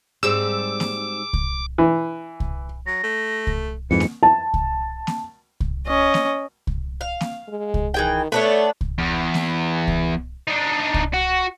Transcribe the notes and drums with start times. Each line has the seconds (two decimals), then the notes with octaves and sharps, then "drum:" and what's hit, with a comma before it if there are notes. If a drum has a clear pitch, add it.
0.23 G#2 G3 C4 G#4 D6 E6
0.80 drum: snare A#3
1.33 drum: kick C2
1.78 E3
2.40 drum: kick C2
2.87 F#3 A#6
3.03 A3
3.47 drum: kick C2
3.91 F2 G#2 E3 C#7
4.00 drum: snare A#3
4.23 A5
4.54 drum: kick C2
5.07 drum: snare A#3
5.60 drum: kick C2
5.87 C#4 D#5
6.14 drum: snare A#3
6.67 drum: kick C2
7.01 F5
7.21 drum: snare A#3
7.48 G#3
7.74 drum: kick C2
7.94 D#3 E3 G#4 G5
8.32 A3 B3 D4 C#5
8.81 drum: kick C2
8.98 E2
9.34 drum: snare A#3
9.87 drum: kick C2
10.47 D4 D#4
10.94 drum: kick C2
11.14 F#4